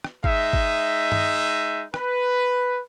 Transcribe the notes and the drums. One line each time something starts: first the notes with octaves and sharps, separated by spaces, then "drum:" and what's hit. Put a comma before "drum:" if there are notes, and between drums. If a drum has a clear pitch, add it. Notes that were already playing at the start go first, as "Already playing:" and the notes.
drum: rim click
G#3 D#4 E5, drum: kick
drum: kick
drum: tom G2
B4, drum: rim click